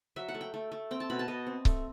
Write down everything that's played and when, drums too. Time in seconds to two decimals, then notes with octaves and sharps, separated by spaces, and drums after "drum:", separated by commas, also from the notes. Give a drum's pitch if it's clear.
0.16 F#3 E5
0.29 F#5
0.34 A3
0.41 G5
0.54 A3
0.72 A3
0.91 C4 G5
1.00 A5
1.10 B2 B5
1.19 A5
1.28 B2 D#5
1.47 C4
1.65 A3, drum: kick C#1